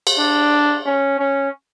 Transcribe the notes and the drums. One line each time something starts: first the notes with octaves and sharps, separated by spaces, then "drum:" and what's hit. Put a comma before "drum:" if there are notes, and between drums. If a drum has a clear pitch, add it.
drum: cymbal
D4
C#4
C#4